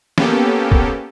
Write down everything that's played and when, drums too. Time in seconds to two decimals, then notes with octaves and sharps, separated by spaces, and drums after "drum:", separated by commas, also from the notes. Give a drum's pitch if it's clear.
0.18 A#3 B3 C#4 G4 A4, drum: snare
0.72 drum: kick